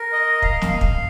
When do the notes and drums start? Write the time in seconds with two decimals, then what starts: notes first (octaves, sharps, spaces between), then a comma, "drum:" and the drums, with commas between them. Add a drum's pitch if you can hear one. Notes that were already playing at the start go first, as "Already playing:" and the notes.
Already playing: A#4
0.13 D#5
0.42 F5, drum: kick
0.62 drum: snare
0.72 F5
0.81 drum: kick